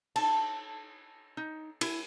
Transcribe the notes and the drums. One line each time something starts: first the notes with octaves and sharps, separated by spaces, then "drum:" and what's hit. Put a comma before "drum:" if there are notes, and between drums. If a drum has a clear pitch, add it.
A5, drum: cymbal
D#4
E4, drum: cymbal